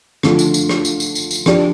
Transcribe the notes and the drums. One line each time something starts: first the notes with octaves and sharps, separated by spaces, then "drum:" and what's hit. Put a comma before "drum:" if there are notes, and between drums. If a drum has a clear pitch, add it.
D3 F3 A3 F4, drum: rim click
drum: tambourine
drum: tambourine
drum: rim click
drum: tambourine
drum: tambourine
drum: tambourine
drum: tambourine
F3 D4 G4 D5, drum: rim click